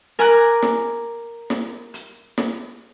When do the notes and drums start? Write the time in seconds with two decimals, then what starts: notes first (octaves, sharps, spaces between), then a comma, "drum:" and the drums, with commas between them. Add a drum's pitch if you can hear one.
0.19 A#4 G#5 A#5 D6 F#6, drum: hi-hat
0.62 drum: snare
1.50 drum: snare
1.94 drum: hi-hat
2.38 drum: snare